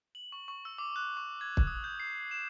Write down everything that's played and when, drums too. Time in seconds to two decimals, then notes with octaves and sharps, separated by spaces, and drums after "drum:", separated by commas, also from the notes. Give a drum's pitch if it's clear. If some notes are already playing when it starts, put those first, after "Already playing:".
0.15 F#7
0.32 C#6
0.48 C#6
0.65 E6
0.78 D6
0.96 F#6
1.17 C#6
1.41 G#6
1.57 drum: kick
1.67 D#6
1.84 G6
2.00 C7
2.31 E7